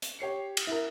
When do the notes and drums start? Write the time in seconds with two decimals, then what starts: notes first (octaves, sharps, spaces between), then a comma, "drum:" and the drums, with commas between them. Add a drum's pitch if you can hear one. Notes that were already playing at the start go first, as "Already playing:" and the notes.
0.02 drum: hi-hat
0.19 G4 C#5 C7 C#7
0.57 drum: cymbal
0.67 E4 A#4